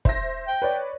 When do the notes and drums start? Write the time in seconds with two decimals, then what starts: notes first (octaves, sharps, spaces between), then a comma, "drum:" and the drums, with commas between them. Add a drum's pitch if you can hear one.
0.05 C5 E5 A#6, drum: kick
0.47 G5
0.62 B4 C#5 D5